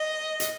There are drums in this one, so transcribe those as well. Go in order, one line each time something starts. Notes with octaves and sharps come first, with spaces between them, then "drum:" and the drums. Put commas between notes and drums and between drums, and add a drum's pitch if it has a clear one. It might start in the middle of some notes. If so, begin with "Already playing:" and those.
Already playing: D#5
drum: hi-hat